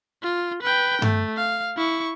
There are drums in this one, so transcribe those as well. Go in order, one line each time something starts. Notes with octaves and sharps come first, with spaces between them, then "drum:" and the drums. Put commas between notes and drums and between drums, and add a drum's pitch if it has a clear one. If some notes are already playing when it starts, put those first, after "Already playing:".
F4
B4 G5
A3, drum: tom G2
F5
E4 C#6